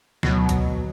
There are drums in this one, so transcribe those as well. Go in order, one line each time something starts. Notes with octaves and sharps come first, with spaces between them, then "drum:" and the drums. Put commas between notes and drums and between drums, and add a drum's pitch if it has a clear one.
D2 B2 F#3, drum: snare
drum: kick A#1, hi-hat